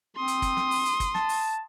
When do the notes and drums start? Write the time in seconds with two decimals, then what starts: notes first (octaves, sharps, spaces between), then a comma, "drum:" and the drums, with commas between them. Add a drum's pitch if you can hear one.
0.16 C4 C6 D#6
0.28 drum: hi-hat
0.42 drum: kick, hi-hat
0.57 drum: snare
0.71 drum: open hi-hat
0.86 drum: hi-hat
1.00 drum: kick, hi-hat
1.14 A5, drum: snare
1.29 drum: open hi-hat